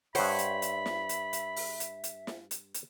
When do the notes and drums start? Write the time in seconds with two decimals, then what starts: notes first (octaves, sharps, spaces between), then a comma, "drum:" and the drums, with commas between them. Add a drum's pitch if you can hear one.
0.15 G2 C5 C#5 E5 F#5 B5, drum: open hi-hat
0.38 drum: hi-hat
0.62 drum: hi-hat
0.86 drum: snare
1.09 drum: hi-hat
1.33 drum: hi-hat
1.56 drum: open hi-hat
1.80 drum: hi-hat
2.04 drum: hi-hat
2.27 drum: snare
2.51 drum: hi-hat
2.74 drum: hi-hat